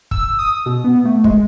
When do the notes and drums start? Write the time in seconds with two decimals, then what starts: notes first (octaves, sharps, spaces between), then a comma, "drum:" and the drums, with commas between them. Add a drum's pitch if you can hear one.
0.11 E6, drum: kick
0.39 D#6
0.66 B2
0.84 B3
1.05 A3
1.24 G#3, drum: kick